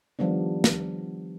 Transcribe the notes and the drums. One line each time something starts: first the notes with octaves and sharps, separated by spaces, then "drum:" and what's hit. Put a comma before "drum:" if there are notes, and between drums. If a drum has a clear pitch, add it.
D#3 F3 G3 B3 D4
drum: snare